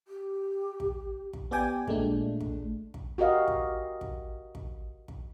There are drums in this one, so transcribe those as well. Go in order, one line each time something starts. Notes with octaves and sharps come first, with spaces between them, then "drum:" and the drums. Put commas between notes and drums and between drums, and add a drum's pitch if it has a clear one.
G4
drum: kick
drum: kick
B3 G4 D5 G5 G#5
A#2 G#3 A3 D4, drum: kick
drum: kick
drum: kick
F#4 G4 A#4 D#5 F5
drum: kick
drum: kick
drum: kick
drum: kick